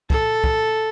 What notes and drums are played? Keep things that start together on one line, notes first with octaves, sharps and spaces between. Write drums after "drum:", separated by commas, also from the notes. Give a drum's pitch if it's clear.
A4, drum: kick
drum: kick